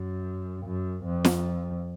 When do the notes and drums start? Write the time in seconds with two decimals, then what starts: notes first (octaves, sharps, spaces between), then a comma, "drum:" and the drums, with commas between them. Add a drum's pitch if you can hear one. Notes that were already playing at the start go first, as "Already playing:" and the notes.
Already playing: F#2
0.66 F#2
1.05 F2
1.25 drum: snare